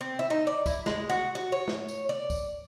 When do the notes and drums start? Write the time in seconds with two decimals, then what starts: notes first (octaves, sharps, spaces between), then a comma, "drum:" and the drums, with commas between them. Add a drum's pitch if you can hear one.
0.01 C4
0.19 E4
0.30 D#4
0.47 D5
0.66 E4, drum: kick, tambourine
0.86 G#3, drum: snare
1.10 F#4
1.35 F#4
1.52 C#5
1.68 drum: snare
1.88 drum: tambourine
2.09 D5
2.30 drum: kick, tambourine